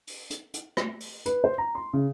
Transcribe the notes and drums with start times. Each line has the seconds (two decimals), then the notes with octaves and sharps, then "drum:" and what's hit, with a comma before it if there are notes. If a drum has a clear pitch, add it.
0.07 drum: open hi-hat
0.30 drum: hi-hat
0.54 drum: hi-hat
0.77 drum: rim click
1.00 drum: open hi-hat
1.26 B4, drum: hi-hat
1.44 C5
1.58 A#5
1.75 C6
1.93 C#3